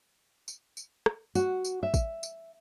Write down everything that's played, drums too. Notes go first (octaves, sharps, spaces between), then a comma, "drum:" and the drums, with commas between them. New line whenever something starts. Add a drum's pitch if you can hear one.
drum: tambourine
drum: tambourine
drum: rim click
F#4, drum: tambourine
drum: tambourine
E5
drum: kick, tambourine
drum: tambourine